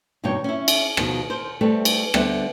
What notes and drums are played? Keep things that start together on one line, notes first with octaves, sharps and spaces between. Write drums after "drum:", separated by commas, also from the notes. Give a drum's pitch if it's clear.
G2 B2 D#3 A#4 C#5 G5
C#4 E4
drum: cymbal
B2 D#3 F3, drum: rim click
A#4 C5
G3 A3 C4 A4 B4
drum: cymbal
D3 G3 B3 C5 E5 F#5, drum: rim click